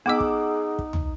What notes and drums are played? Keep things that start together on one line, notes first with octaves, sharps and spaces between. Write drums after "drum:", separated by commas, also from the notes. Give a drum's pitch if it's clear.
B3 D#4 G#4 D#5 F#5 D6 E6
drum: kick
drum: kick
drum: tom